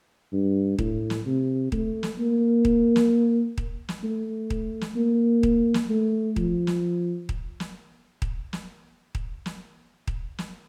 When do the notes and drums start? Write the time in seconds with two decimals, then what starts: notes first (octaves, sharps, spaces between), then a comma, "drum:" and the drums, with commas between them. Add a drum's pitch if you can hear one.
0.33 G2
0.79 A2, drum: kick D#1
1.10 drum: snare
1.26 C3
1.72 A3, drum: kick D#1
2.03 drum: snare
2.19 A#3
2.65 drum: kick D#1
2.96 drum: snare
3.58 drum: kick D#1
3.89 drum: snare
4.03 A3
4.50 drum: kick D#1
4.81 drum: snare
4.96 A#3
5.43 drum: kick D#1
5.74 drum: snare
5.90 A3
6.36 F3, drum: kick D#1
6.67 drum: snare
7.29 drum: kick D#1
7.60 drum: snare
8.22 drum: kick D#1
8.53 drum: snare
9.15 drum: kick D#1
9.46 drum: snare
10.08 drum: kick D#1
10.38 drum: snare